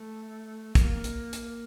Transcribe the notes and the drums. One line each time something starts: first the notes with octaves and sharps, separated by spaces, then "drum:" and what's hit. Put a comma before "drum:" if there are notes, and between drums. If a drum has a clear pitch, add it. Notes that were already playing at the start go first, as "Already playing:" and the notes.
Already playing: A3
A#3, drum: kick, hi-hat
drum: hi-hat
drum: hi-hat